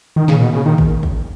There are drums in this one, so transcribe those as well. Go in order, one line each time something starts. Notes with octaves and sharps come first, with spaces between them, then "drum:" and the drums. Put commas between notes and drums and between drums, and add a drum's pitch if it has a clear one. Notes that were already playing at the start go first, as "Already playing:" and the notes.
D#3
A#2 C#3, drum: snare
B2
C#3
D#3
drum: kick
drum: kick